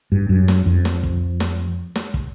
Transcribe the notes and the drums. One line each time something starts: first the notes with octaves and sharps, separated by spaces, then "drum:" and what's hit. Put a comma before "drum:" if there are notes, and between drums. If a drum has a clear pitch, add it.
G2
F#2
drum: snare
F2
drum: snare
drum: kick
drum: snare
drum: snare
drum: kick